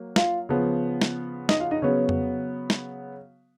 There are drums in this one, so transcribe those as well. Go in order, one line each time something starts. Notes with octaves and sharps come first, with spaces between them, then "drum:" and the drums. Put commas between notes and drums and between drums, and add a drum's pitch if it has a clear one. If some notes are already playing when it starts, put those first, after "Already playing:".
Already playing: F#3 A#3
F4 F5, drum: snare
C#3 F3 B3
drum: snare
D#4 D#5, drum: snare
F4 F5
D#4 D#5
C#3 F#3 B3 C#4 C#5
drum: tom F2
drum: snare